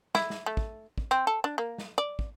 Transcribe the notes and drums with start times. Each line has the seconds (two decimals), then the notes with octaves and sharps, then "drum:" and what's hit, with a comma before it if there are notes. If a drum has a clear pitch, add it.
0.15 E4, drum: snare
0.30 drum: snare
0.46 A3
0.57 drum: kick
0.98 drum: kick
1.11 C4
1.27 A4
1.44 D4
1.58 A#3
1.78 drum: snare
1.98 D5
2.19 drum: kick